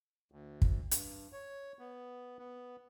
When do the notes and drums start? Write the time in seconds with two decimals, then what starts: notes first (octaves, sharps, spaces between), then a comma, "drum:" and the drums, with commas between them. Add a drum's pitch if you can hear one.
0.32 D2
0.62 drum: kick
0.91 G2, drum: hi-hat
1.32 C#5
1.79 B3
2.39 B3